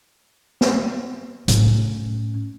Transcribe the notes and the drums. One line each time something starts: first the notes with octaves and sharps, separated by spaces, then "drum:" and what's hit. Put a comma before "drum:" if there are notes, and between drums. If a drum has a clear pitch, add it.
drum: snare
A2 C#4, drum: hi-hat